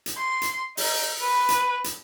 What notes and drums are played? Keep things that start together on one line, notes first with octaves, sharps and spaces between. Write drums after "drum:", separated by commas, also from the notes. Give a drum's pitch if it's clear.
drum: hi-hat
C6
drum: hi-hat
D#4, drum: open hi-hat
B4
drum: hi-hat
drum: hi-hat